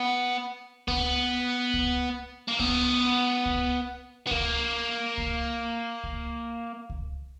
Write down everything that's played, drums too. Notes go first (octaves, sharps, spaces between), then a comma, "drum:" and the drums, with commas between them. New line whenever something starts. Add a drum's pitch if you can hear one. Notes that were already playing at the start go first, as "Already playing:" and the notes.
Already playing: B3
B3, drum: kick C#2
drum: kick C#2
A#3
B3, drum: kick C#2
drum: kick C#2
B3
A#3, drum: kick C#2
drum: kick C#2
drum: kick C#2
drum: kick C#2